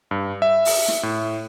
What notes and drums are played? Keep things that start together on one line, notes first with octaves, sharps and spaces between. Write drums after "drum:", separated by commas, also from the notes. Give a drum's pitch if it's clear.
G2
E5
drum: open hi-hat
drum: snare
A2